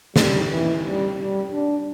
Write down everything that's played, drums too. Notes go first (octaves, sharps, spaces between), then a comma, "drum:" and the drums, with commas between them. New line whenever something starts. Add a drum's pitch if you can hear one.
G3, drum: snare
E3
G3
G3
D4